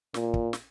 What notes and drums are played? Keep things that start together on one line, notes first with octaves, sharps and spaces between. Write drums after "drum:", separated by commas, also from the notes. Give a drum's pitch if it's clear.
A#2, drum: snare
drum: kick
drum: snare